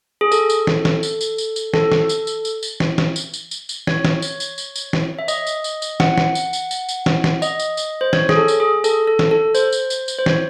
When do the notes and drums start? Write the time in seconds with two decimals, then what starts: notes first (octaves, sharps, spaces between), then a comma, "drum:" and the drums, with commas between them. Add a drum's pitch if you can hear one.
0.21 G#4
0.32 A4, drum: tambourine
0.50 drum: tambourine
0.67 drum: snare
0.85 drum: snare
1.03 drum: tambourine
1.21 drum: tambourine
1.38 drum: tambourine
1.56 drum: tambourine
1.74 A4, drum: snare
1.92 drum: snare
2.09 drum: tambourine
2.27 drum: tambourine
2.45 drum: tambourine
2.63 drum: tambourine
2.80 drum: snare
2.98 drum: snare
3.16 drum: tambourine
3.34 drum: tambourine
3.51 drum: tambourine
3.69 drum: tambourine
3.87 C#5, drum: snare
4.05 drum: snare
4.22 drum: tambourine
4.40 drum: tambourine
4.58 drum: tambourine
4.76 drum: tambourine
4.93 drum: snare
5.19 E5
5.28 D#5, drum: tambourine
5.47 drum: tambourine
5.64 drum: tambourine
5.82 drum: tambourine
6.00 F#5, drum: snare
6.18 drum: snare
6.35 drum: tambourine
6.53 drum: tambourine
6.71 drum: tambourine
6.88 drum: tambourine
7.06 drum: snare
7.24 drum: snare
7.42 D#5, drum: tambourine
7.59 drum: tambourine
7.77 drum: tambourine
8.01 C5
8.13 C#5, drum: snare
8.29 G#4, drum: snare
8.36 A4
8.48 drum: tambourine
8.60 G#4
8.84 A4, drum: tambourine
9.07 A4
9.19 drum: snare
9.31 A4
9.55 C5, drum: tambourine
9.72 drum: tambourine
9.90 drum: tambourine
10.08 drum: tambourine
10.19 C5
10.26 C#5, drum: snare